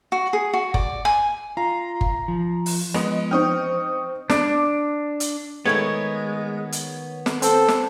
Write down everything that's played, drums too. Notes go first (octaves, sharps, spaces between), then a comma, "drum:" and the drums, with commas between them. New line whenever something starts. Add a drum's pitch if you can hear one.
F#4
G#4
F#4
D5, drum: kick G1
G#5
F4 A#5
drum: kick G1
F3
drum: open hi-hat
G#3 B3 D#5, drum: rim click
C4 D#4 G5 C#6 D#6 F6
D4, drum: snare
drum: hi-hat
D#3 G#3 A3 B3 C#5 G#6
drum: hi-hat
drum: snare
C4 A4 C5, drum: hi-hat
drum: snare